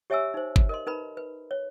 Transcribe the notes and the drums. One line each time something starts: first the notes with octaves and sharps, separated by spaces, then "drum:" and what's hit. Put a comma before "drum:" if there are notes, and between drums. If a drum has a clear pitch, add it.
G4 C#5 E5 G#5 A#5 E6
D#4 C5
drum: kick
A#4 D#5 C6
D#4 A#4 B4 A#5 B5
B4
C#5